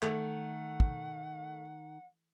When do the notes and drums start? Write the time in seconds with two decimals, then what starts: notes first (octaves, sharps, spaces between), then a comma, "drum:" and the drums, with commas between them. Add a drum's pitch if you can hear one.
0.02 D#3 A3 F#5, drum: clap
0.80 drum: kick